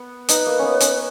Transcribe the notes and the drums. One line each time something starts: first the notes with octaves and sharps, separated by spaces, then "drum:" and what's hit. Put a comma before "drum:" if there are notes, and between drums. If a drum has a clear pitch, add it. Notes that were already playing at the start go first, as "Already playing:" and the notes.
Already playing: B3
D#4 B4, drum: hi-hat
A#3
B3 C#4
C#4, drum: hi-hat